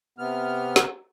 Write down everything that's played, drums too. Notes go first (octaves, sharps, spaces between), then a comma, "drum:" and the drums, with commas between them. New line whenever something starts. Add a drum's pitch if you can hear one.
C3 B3 F6
drum: snare